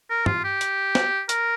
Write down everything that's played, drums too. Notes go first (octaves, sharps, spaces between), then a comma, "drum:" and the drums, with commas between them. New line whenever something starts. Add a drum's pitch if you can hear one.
A#4
F4, drum: tom
G4
drum: hi-hat
drum: snare
A#4, drum: hi-hat